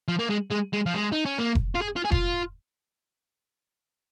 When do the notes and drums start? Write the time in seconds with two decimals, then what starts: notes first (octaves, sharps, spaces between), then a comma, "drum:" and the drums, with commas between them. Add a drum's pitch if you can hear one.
0.08 F3
0.19 A#3
0.30 G#3
0.51 G#3
0.73 G#3
0.86 F3
0.94 G#3
1.12 D#4
1.25 C#4
1.38 A#3
1.55 drum: kick F1
1.75 F4
1.82 G#4
1.96 F4
2.05 G#4
2.12 F4, drum: kick F1